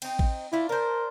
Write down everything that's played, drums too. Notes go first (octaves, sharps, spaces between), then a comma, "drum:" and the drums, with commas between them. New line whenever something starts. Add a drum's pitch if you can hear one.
C4 D#4, drum: cymbal
drum: kick A1
D4 E4 F4
D4 A#4 C5